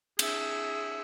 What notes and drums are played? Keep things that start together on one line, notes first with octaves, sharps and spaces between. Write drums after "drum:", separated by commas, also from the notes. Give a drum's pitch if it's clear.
G#4 E5, drum: cymbal